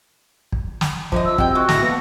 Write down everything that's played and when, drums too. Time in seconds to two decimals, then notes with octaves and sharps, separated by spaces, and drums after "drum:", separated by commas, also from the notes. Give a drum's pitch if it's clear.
0.52 drum: kick
0.81 drum: snare
1.12 D3 F3 A3 D#5, drum: kick
1.25 E6
1.38 C3 F#4 G5, drum: kick
1.55 G#3 F#4
1.69 A2 E4 A4 A#6, drum: snare
1.83 A#3 B3